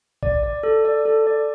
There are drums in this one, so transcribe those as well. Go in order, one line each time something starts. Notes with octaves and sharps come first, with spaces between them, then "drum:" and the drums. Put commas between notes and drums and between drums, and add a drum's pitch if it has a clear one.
D5, drum: kick
D5
A4
D5
A4
D5